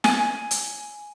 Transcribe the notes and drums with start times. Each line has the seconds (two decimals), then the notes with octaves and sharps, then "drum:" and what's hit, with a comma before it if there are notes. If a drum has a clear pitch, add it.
0.04 G#5, drum: snare
0.51 drum: hi-hat